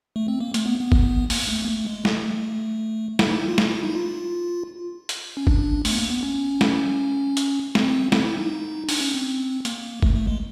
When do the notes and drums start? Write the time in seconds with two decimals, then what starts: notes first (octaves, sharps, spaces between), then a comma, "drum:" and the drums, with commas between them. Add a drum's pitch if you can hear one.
0.16 A3
0.28 C4
0.41 A#3
0.54 A3, drum: hi-hat
0.66 B3
0.80 B3
0.92 drum: kick
1.30 A#3, drum: open hi-hat
1.49 A3
1.62 A#3
1.68 A3
1.87 G#3
2.05 A3, drum: snare
3.19 A3, drum: snare
3.28 D#4
3.38 E4
3.48 F4
3.58 E4, drum: snare
3.69 E4
3.83 D#4
3.90 E4
3.95 F4
5.09 drum: hi-hat
5.37 C#4
5.47 D4, drum: kick
5.85 A3, drum: open hi-hat
5.92 B3
5.98 A#3
6.10 B3
6.23 C#4
6.61 drum: snare
7.37 drum: hi-hat
7.75 C4, drum: snare
8.12 C4, drum: snare
8.25 E4
8.38 D#4
8.89 D4, drum: open hi-hat
9.01 C#4
9.14 C4
9.65 A#3, drum: hi-hat
10.02 A3, drum: kick
10.15 A3
10.27 G#3